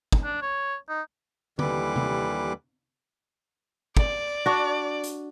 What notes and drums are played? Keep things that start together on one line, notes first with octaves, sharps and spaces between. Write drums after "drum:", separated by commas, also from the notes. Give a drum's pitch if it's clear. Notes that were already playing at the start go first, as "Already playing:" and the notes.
drum: kick
D4
C#5
D#4
D#2 D3 E3 G3 B4 D6, drum: tom D3
drum: tom C3
D5, drum: kick
D4 F#4
drum: hi-hat